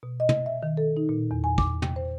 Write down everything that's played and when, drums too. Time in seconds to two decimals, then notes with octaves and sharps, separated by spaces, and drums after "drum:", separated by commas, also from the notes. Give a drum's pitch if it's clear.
0.03 B2
0.20 D#5
0.29 drum: tom
0.46 E5
0.63 D#3
0.77 A4
0.97 D#4
1.09 A#2
1.31 E2
1.44 G#5
1.58 D6, drum: kick
1.82 G5, drum: tom
1.96 C5